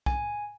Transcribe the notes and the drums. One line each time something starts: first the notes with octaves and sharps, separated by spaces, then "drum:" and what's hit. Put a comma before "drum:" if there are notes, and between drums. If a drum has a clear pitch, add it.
G#5, drum: kick B1